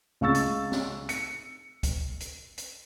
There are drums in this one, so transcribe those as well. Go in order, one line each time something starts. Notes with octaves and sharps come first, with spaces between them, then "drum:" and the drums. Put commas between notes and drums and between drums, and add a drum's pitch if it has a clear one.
C#2 F5 C#6 E6 A6
drum: hi-hat
drum: snare
C#7, drum: hi-hat
drum: kick C#2, hi-hat
drum: hi-hat
drum: hi-hat